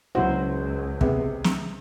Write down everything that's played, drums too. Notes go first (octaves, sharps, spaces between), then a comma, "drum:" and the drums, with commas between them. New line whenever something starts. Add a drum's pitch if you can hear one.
C#2 C#3 F#3 E4 F#4 C5
C3 B3 G#4, drum: kick
drum: snare